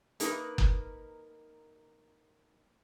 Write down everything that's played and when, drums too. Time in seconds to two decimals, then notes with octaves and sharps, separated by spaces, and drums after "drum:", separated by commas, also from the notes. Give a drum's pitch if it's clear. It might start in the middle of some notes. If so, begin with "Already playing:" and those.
0.20 A#3 D#4 F4 A#4 B4, drum: hi-hat
0.58 drum: kick F#1